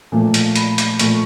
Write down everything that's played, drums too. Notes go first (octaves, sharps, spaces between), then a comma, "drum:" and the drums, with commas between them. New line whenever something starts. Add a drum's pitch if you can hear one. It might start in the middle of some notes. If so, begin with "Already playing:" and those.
A#2 F3 A3
drum: hi-hat
B5, drum: hi-hat
drum: hi-hat
A#2 F3 A3 C#6, drum: hi-hat